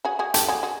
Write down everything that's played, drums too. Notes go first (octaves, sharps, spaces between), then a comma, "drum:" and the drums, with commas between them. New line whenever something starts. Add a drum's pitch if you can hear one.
F#4 G#4
F#4 G#4
G4 A4, drum: hi-hat
F#4 G#4
F#4 G#4